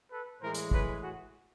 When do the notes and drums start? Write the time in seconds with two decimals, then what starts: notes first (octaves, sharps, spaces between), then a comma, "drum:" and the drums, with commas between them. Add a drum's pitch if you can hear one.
0.11 A4 B4
0.41 A2 E3 G#3 A#4 C5
0.54 drum: hi-hat
0.71 B4 C#5, drum: kick
1.02 F#4 G#4